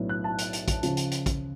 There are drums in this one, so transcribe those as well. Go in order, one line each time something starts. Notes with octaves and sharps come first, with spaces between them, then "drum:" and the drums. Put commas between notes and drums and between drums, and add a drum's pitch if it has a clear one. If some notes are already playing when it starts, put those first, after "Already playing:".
Already playing: B1 A2 F#3 B3 D4
F#6
A5
drum: hi-hat
drum: hi-hat
drum: kick, hi-hat
C#3 F3, drum: hi-hat
drum: hi-hat
drum: hi-hat
drum: kick, hi-hat